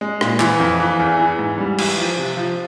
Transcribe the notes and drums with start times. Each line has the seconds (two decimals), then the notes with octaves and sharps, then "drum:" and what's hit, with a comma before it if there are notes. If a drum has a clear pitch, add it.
0.01 G#3
0.21 A#2, drum: rim click
0.40 E3, drum: clap
0.60 F2
0.80 E3
1.00 E2
1.20 E3
1.39 G#2
1.58 G3
1.78 E3, drum: cymbal
1.98 F3
2.17 C3
2.37 F3